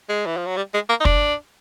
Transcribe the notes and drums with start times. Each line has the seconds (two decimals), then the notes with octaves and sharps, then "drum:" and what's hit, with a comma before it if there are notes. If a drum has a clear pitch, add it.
0.09 G#3
0.26 E3
0.37 F3
0.46 F#3
0.57 G3
0.74 G#3
0.89 A#3
1.00 D#4
1.05 D4, drum: kick